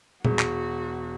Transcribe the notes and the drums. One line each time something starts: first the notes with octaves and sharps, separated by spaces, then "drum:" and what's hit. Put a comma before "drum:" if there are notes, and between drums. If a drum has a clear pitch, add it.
E1 F#4 G#4, drum: tom A#2
drum: clap